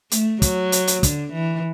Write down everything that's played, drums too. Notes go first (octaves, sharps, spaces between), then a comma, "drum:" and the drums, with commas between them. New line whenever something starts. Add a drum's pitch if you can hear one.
A3, drum: hi-hat
F#3, drum: kick, hi-hat
drum: hi-hat
drum: hi-hat
D3, drum: kick, hi-hat
E3